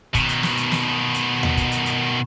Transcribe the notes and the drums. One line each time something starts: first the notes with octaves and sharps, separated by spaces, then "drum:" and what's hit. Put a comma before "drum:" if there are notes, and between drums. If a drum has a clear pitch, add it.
B2 D#3, drum: kick, hi-hat
drum: hi-hat
drum: snare
drum: hi-hat
drum: snare
drum: hi-hat
drum: tom D#2
drum: kick, hi-hat
drum: hi-hat
drum: hi-hat